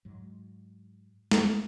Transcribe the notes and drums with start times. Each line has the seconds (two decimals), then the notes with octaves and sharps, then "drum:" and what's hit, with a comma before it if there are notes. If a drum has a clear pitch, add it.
0.05 G#2 F#3
1.31 drum: snare